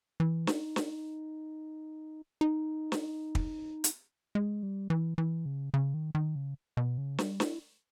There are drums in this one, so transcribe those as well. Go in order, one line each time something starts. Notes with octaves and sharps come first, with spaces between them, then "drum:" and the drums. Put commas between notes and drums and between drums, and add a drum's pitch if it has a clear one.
E3
D#4, drum: snare
drum: snare
D#4
drum: snare
drum: kick
drum: hi-hat
G#3
G3
E3
E3
C#3
C#3
D#3
D#3
C#3
B2
C#3
G3, drum: snare
E4, drum: snare